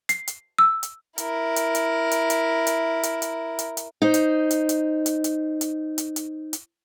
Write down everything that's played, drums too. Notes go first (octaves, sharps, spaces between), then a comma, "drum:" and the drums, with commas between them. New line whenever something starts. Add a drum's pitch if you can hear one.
C7, drum: hi-hat
drum: hi-hat
E6
drum: hi-hat
E4 A#4, drum: hi-hat
drum: hi-hat
drum: hi-hat
drum: hi-hat
drum: hi-hat
drum: hi-hat
drum: hi-hat
drum: hi-hat
drum: hi-hat
drum: hi-hat
D#4 C5
drum: hi-hat
drum: hi-hat
drum: hi-hat
drum: hi-hat
drum: hi-hat
drum: hi-hat
drum: hi-hat
drum: hi-hat
drum: hi-hat